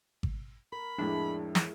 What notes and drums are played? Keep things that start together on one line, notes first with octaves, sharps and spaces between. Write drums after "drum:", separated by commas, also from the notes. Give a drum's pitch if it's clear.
drum: kick G#1
A#4 B5
F2 A2 G#3 D4 E4
drum: snare